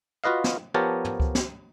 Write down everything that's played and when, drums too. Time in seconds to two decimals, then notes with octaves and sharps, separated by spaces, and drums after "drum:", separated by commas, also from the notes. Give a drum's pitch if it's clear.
0.24 F4 F#4 B4 D#5 F5
0.44 drum: snare
0.74 F3 B3 G4 A#4 C#5 A5
1.05 drum: tom
1.20 drum: kick C#2
1.35 drum: snare